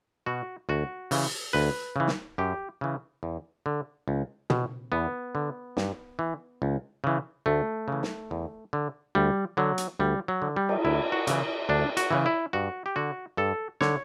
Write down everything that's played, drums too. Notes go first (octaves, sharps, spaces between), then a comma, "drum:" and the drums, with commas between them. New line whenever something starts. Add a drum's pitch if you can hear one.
B2 F#4
D2 F#4
C#3 E3, drum: open hi-hat
D2 B4
C#3 E3
drum: snare
F#2 G4
C#3 E3
E2
D3
C#2
B2, drum: tom
E2 B3
D3
G2, drum: snare
E3
C#2
C#3 E3
D2 A3
C#3 E3
drum: snare
E2
D3
D2 G3
D3 F#3
drum: hi-hat
D2 G3
F#3
D3
G3
drum: cymbal
D2 E4
F#4
C#3 E3, drum: hi-hat
D2 D4
F#4, drum: hi-hat
C#3 E3
E4
G2 F#4
G4
D3 F#4
G2 A4
D3 C#5, drum: snare